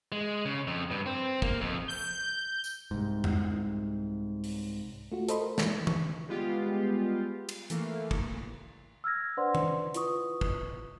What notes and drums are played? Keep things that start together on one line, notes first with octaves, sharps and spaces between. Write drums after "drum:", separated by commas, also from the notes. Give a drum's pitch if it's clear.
G#3
C#3
F2
G2
C4
A#3, drum: kick
F2
G6
drum: tambourine
C2 G#2
drum: tom F2
drum: open hi-hat
A3 F4 F#4
A4 C5 D#5 B5 C6, drum: hi-hat
A#4
D#3 E3, drum: snare
C#6, drum: tom D#3
G3 G#3 B3 F4 G4
drum: cymbal
E3 A3 A#3, drum: hi-hat
drum: kick
E6 F6 G#6 A#6
D4 B4 C5 D5 F#5 C6
drum: tom D#3
E4 F4 B4 C#6 D#6, drum: hi-hat
drum: kick